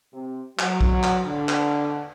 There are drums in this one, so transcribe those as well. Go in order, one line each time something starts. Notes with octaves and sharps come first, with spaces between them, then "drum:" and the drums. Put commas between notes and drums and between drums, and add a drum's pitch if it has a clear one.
C3
F#3, drum: clap
drum: kick A#1
drum: clap
D3
drum: clap